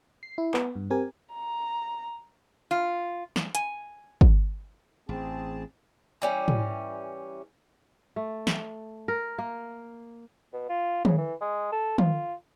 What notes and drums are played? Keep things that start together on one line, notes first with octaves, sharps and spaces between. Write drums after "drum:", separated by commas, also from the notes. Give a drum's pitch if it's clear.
C7
E4
B3, drum: clap
G2
C4 G4 A#4 G#5
A#5
F4
drum: snare
G#5, drum: hi-hat
drum: kick
A1 C4 G#4 A5
E3 G3 C#4
drum: tom
A3
drum: snare
A#4
A#3
B2
F4
C#3, drum: tom
E3
G#3
A4
F4, drum: tom